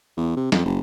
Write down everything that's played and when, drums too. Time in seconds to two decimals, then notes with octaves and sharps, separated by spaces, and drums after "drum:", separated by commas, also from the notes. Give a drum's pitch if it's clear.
0.17 E2
0.37 C3
0.52 F2, drum: snare
0.66 F#1